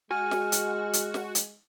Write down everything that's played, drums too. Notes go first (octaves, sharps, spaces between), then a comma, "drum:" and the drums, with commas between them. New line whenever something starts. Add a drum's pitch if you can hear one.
G#3 F#4 G#5 F6
drum: snare
drum: hi-hat
drum: hi-hat
drum: snare
drum: hi-hat